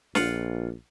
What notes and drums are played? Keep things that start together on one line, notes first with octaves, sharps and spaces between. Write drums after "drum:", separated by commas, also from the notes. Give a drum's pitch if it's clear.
A#1 F4 F#5, drum: snare